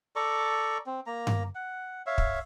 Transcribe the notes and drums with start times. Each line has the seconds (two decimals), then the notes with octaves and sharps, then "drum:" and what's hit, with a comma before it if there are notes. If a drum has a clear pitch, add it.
0.16 A4 D5 A#5 C#6
0.86 C4
1.06 A#3 A#5
1.27 drum: tom G2
1.55 F#5
2.06 C#5 E5 F5
2.18 drum: kick